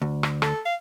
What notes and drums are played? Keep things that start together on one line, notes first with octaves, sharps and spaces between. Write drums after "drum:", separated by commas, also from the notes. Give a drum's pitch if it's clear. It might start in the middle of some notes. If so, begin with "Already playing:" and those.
D2
drum: rim click
A4, drum: rim click
F5